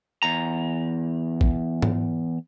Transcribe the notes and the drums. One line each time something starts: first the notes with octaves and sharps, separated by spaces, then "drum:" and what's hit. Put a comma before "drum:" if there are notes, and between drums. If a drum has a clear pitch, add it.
E2 A#5
drum: kick
drum: tom G#2